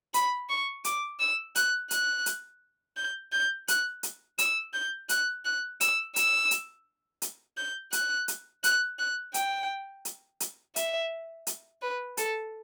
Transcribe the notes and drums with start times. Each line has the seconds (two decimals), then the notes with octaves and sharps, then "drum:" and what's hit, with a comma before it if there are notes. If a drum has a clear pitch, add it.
0.14 B5, drum: hi-hat
0.49 C#6
0.84 D6, drum: hi-hat
1.20 E6
1.55 F#6, drum: hi-hat
1.91 F#6, drum: hi-hat
2.26 drum: hi-hat
2.97 G6
3.32 G6
3.68 F#6, drum: hi-hat
4.03 drum: hi-hat
4.38 E6, drum: hi-hat
4.73 G6
5.09 F#6, drum: hi-hat
5.45 F#6
5.81 E6, drum: hi-hat
6.16 E6, drum: hi-hat
6.51 drum: hi-hat
7.22 drum: hi-hat
7.57 G6
7.93 F#6, drum: hi-hat
8.28 drum: hi-hat
8.64 F#6, drum: hi-hat
8.99 F#6
9.34 G5, drum: hi-hat
10.05 drum: hi-hat
10.40 drum: hi-hat
10.76 E5, drum: hi-hat
11.47 drum: hi-hat
11.82 B4
12.17 A4, drum: hi-hat